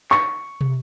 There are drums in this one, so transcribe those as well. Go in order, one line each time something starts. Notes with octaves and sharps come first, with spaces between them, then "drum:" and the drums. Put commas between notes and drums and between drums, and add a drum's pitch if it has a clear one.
C#6, drum: clap
drum: tom